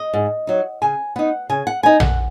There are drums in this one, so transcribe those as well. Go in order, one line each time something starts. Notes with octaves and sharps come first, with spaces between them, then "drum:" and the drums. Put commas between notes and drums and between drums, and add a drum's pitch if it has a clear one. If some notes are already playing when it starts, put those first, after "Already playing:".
Already playing: D#5
G#2
F#3 D#4
C#3 G#5
B3 D#4 F#5
C#3 G#5
F#5
B3 D#4 G#5
F#5, drum: tom A#1